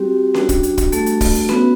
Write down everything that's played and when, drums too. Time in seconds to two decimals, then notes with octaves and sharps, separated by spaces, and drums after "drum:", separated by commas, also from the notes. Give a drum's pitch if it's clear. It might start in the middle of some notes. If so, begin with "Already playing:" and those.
Already playing: G3 C4 F#4 G4
0.34 G3 D4 F#4, drum: snare C#4
0.49 drum: kick, hi-hat
0.63 drum: hi-hat
0.78 drum: kick, hi-hat
0.92 A3 A4, drum: hi-hat
1.06 drum: hi-hat
1.21 drum: kick, open hi-hat
1.35 drum: hi-hat
1.49 B3 F#4 B4, drum: snare C#4